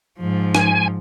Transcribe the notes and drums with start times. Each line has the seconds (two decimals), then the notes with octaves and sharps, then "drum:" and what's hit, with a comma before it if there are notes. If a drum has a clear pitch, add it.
0.19 G#2 F3
0.55 G#5, drum: snare